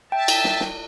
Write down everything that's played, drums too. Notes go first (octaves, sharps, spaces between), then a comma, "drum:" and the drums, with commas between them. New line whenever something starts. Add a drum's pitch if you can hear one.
E5 G5 A5
drum: cymbal
drum: snare
drum: snare